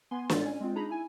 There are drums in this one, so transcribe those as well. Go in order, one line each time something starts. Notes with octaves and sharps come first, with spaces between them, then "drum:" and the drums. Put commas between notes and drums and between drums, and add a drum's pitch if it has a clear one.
B3 G#5 C6
A2 G#3 F4 A6, drum: snare
C#4 G#5
G#3 C4 F4
D4 D#4 G#4 A#5 B5
E4 G#5